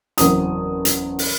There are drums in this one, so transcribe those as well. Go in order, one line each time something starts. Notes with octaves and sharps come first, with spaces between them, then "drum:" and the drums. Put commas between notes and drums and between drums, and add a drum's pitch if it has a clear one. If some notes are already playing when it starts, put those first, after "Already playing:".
F#1 E2 F#3 C4 E4 D#6, drum: hi-hat
drum: hi-hat
drum: open hi-hat